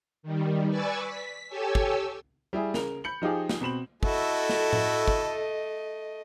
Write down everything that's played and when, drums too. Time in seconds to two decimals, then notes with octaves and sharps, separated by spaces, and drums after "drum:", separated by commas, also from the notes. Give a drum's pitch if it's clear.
0.23 D#3 G3
0.69 B4 D5 G#5 C#6 E6 A6
1.00 B6
1.49 G4 A4 C#5 G#5 E6
1.75 drum: kick
2.53 G3 E4 G#4
2.74 C#3 A#4 F7, drum: snare
3.04 B5 G6 C#7 F#7
3.22 F3 D#4 F4 G4 G#4
3.49 drum: snare
3.61 B2 C4 B5 E7 F#7
4.03 A3 E4 F#4 A4 D#5, drum: kick
4.49 drum: snare
4.73 drum: tom A2
5.08 drum: kick